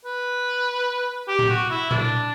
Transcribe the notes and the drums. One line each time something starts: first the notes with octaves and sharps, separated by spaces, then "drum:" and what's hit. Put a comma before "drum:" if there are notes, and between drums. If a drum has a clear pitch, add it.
B4
G4
drum: tom A2
F#4
E4
D4, drum: tom A#2